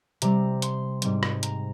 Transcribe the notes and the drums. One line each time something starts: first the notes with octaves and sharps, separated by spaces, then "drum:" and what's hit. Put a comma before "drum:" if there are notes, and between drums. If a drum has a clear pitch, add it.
C3 G3 C4 A#5, drum: hi-hat
C6, drum: hi-hat
G#2 G3 C4, drum: hi-hat
drum: rim click
A#5, drum: hi-hat